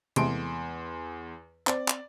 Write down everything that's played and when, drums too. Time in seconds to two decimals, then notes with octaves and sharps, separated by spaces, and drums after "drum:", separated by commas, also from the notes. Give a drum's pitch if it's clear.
0.16 E2 C3 G#3 A3 C6 D7, drum: hi-hat
1.67 C4 D5, drum: clap
1.88 drum: clap